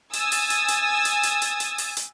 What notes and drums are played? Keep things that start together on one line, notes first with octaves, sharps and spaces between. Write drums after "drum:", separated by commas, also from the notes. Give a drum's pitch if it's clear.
G#5 D#6 E6 G#6 A6, drum: hi-hat
drum: open hi-hat
drum: hi-hat
drum: hi-hat
drum: hi-hat
drum: hi-hat
drum: hi-hat
drum: hi-hat
drum: open hi-hat
drum: hi-hat